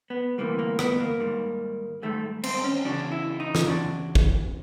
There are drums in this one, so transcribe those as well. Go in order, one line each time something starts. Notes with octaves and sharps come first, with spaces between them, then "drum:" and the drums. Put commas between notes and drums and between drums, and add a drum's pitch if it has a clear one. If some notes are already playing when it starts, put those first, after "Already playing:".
B3
D2 C3 E3 G3 A#3
A#3
B3, drum: rim click
A#3
G#2 D#3 G3
G#2 D#3 G3 A3
C4, drum: cymbal
C#4
E2 C#3 F#3 D4
E4
D#4
drum: snare
E2 C#3 F#3 D4
drum: kick